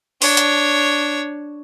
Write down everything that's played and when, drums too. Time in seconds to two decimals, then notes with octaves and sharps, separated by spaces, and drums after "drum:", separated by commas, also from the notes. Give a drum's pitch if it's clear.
0.22 D4 C#5, drum: open hi-hat
0.37 drum: hi-hat